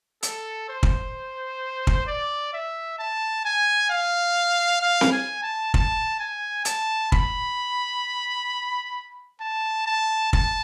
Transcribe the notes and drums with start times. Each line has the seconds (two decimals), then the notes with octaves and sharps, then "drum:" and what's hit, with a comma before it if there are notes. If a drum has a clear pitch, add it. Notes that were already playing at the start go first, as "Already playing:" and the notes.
0.23 A4, drum: hi-hat
0.69 C5
0.83 drum: kick
1.87 drum: kick
2.06 D5
2.53 E5
2.99 A5
3.45 G#5
3.90 F5
4.82 F5
5.01 drum: snare C4
5.12 G#5
5.43 A5
5.74 A5, drum: kick
6.19 G#5
6.65 A5, drum: hi-hat
7.12 B5, drum: kick
9.40 A5
9.86 A5
10.33 A5, drum: kick